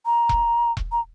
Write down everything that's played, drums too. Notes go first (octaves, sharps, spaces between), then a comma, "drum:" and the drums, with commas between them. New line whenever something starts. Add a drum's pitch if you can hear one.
A#5
drum: kick E1
drum: kick E1
A#5